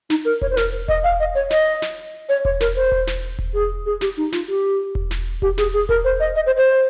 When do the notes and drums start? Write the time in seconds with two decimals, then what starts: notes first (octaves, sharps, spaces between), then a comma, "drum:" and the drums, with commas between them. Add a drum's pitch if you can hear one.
0.10 D#4, drum: snare
0.25 A#4
0.42 C#5, drum: kick E1
0.50 C5
0.57 A#4, drum: snare
0.88 D#5, drum: kick E1
1.04 F5
1.20 D#5
1.35 C#5
1.50 D#5, drum: snare
1.82 drum: snare
2.29 C#5
2.45 C#5, drum: kick E1
2.60 A#4, drum: snare
2.76 C5
2.92 drum: kick E1
3.07 drum: snare
3.39 drum: kick E1
3.54 G#4
3.86 G#4
4.01 G4, drum: snare
4.17 D#4
4.32 F4, drum: snare
4.48 G4
4.95 drum: kick E1
5.11 drum: snare
5.42 G4, drum: kick E1
5.58 G#4, drum: snare
5.73 G#4
5.89 A#4, drum: kick E1
6.05 C5
6.20 D#5
6.36 D#5
6.46 C5
6.57 C5